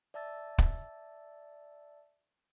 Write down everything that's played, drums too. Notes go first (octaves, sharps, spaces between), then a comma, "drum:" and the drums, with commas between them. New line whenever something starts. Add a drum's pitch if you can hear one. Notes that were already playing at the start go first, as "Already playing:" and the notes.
D5 E5 A5 E6 A6
drum: kick